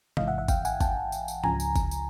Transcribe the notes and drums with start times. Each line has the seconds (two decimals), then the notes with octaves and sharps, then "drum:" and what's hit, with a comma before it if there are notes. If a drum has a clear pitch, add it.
0.17 A1 G#2 E3 D#5 F5, drum: tom C3
0.27 E5 F#5
0.38 E5 F#5
0.48 F5 G5, drum: kick G1, tambourine
0.65 F#5 G#5, drum: tambourine
0.81 G5 A5, drum: kick G1, tambourine
1.12 drum: tambourine
1.28 drum: tambourine
1.44 C#2 C#3 F3 G#5 A#5, drum: tom G#2
1.60 drum: tambourine
1.76 drum: kick G1, tambourine
1.91 drum: tambourine